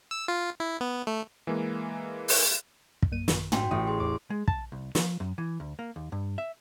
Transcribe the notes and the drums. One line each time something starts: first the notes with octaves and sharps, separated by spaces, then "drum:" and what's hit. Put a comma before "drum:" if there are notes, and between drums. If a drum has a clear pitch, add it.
E6
F4
E4
B3
A3
E3 G#3 A#3
drum: open hi-hat
drum: kick
F#2 A#3 D#7
A1 F#2 D#3, drum: snare
A2 F#4 G5 C6, drum: tom
A1 D#6
G#4 C6
E2 D6
G#3
A5, drum: kick
C2
F3, drum: snare
F#2
E3
D2
A#3
D#2
G2
E5